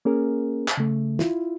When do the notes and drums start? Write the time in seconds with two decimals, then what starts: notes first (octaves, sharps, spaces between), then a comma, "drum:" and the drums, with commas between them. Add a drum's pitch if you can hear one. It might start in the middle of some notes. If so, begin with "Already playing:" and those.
0.05 A#3 C#4 G#4 A#4
0.68 drum: clap
0.77 C#3 A3
1.19 E4 F4, drum: snare